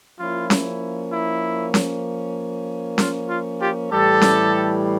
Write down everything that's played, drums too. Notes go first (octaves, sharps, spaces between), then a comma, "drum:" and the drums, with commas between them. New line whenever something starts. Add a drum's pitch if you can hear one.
F3 A#3 C#4 E4 F4
drum: snare C#4
E4
drum: snare C#4
F4, drum: snare C#4
F4
F4 G4
A2 E3 G3 G4 A4
drum: snare C#4